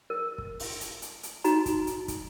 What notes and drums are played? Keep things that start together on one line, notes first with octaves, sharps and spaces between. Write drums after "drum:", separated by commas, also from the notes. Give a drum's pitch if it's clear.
A#4
drum: kick
drum: open hi-hat
drum: hi-hat
drum: hi-hat
drum: hi-hat
D#4 F#4 A#5, drum: hi-hat
drum: kick, hi-hat
drum: hi-hat
drum: kick, hi-hat